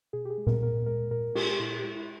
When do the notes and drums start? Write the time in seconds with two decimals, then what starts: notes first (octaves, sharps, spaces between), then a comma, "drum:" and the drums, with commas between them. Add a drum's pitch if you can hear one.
0.13 B2 G#4
0.25 G4
0.30 G#4
0.38 G#3
0.47 A#4, drum: tom A#2
0.63 A#2 A#4
0.86 G#3 A#4
1.11 A#2 A#4
1.35 G#3 G4, drum: cymbal
1.52 G4
1.59 A#2 E4
1.79 G4
1.84 G#3 E4
1.96 E4